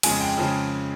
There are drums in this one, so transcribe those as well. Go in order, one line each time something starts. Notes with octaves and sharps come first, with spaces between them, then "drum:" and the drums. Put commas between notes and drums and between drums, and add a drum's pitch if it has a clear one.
F2 C#3 F3 G#3 G#5, drum: cymbal
G5
C#3 F3 G#3